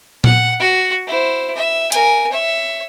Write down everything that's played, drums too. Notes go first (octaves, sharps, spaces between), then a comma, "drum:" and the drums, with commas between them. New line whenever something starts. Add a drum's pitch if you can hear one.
F#5, drum: tom A#2
F#4 F#5
E4 C5
E5
A#4 G#5, drum: hi-hat
C#5 E5